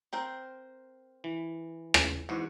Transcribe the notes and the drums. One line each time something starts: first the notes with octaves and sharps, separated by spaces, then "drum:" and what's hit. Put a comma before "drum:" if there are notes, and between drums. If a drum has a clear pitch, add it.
C4 A#4 C5
E3
drum: rim click
E2 G#2 F#4